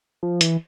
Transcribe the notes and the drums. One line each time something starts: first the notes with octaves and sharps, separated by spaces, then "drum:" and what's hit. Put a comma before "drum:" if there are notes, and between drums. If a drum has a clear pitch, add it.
F3
E3, drum: hi-hat